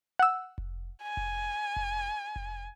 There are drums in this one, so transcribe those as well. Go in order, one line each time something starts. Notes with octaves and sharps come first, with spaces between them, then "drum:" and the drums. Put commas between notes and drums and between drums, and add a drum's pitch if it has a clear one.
F#5 E6
drum: kick F1
G#5
drum: kick F1
drum: kick F1
drum: kick F1